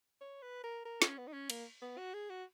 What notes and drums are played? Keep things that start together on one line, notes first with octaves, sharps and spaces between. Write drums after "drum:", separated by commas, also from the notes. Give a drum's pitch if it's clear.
C#5
B4
A#4
A#4
C#4, drum: snare
B3
D#4
C#4
A#3, drum: cymbal
B3
F#4
G#4
F#4